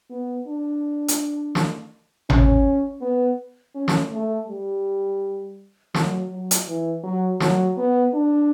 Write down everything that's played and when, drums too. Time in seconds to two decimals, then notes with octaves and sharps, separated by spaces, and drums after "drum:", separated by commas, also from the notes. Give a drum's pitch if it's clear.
0.10 B3
0.48 D4
1.08 drum: hi-hat
1.55 drum: snare
2.30 C#4, drum: tom G#1
3.02 B3
3.75 C#4
3.88 drum: snare
4.12 A3
4.48 G3
5.94 F#3, drum: snare
6.31 F#3
6.51 drum: hi-hat
6.67 E3
7.04 F#3
7.40 F#3, drum: snare
7.77 B3
8.14 D4